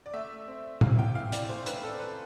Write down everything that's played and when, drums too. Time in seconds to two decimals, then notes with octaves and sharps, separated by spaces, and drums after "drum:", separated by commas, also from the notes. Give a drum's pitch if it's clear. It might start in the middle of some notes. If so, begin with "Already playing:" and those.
0.06 D5
0.13 A3 E5
0.48 C4
0.81 C3 F5, drum: tom A2
0.99 G5
1.15 E3 F5
1.32 D5, drum: hi-hat
1.49 A3 C5
1.66 B4, drum: hi-hat
1.83 C4 A4
2.00 B4